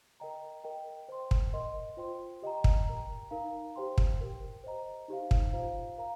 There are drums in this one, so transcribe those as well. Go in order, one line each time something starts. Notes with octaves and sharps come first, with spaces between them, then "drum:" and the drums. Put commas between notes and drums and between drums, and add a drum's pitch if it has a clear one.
A#4 D#5 G5 A#5
A#4 D#5 G5
C5 G5 C6
drum: kick
A#4 D#5 C6
F4 C5 G5 C6
G4 D#5 G5 A#5
drum: kick
A#4 G5 A#5
D#4 A#4 F5 A#5
G4 C5 G5 C6
drum: kick
G4 A#4 G5
C5 D#5 A#5
D#4 G4 C5 F5
drum: kick
F4 C5 F5 A#5
A#4 F5 A#5